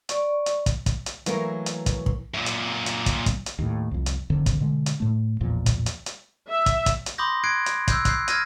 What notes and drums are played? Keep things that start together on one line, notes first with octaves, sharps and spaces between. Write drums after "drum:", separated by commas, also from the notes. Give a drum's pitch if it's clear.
D5 C#6, drum: hi-hat
drum: hi-hat
drum: kick, hi-hat
drum: kick, hi-hat
drum: hi-hat
E3 F#3 A3 A#3 A#4, drum: hi-hat
drum: hi-hat
drum: kick, hi-hat
drum: kick
F#2 A#2
drum: hi-hat
drum: hi-hat
drum: kick, hi-hat
drum: kick, hi-hat
drum: hi-hat
D#2 A2
C2 F2
drum: hi-hat
F1 F2 D3 D#3
drum: kick, hi-hat
B2 D3 G#3
drum: hi-hat
A2 A3
A1 E2 A#2 F3
drum: kick, hi-hat
drum: hi-hat
drum: hi-hat
E5
drum: kick, hi-hat
drum: kick, hi-hat
drum: hi-hat
B5 C6 D6 D#6 G6 A#6
F#6 G#6 C7 D7
drum: hi-hat
E6 F#6 G6 C7, drum: kick, hi-hat
F#6 G6 C7, drum: kick, hi-hat
F6 G#6 A#6 D#7, drum: hi-hat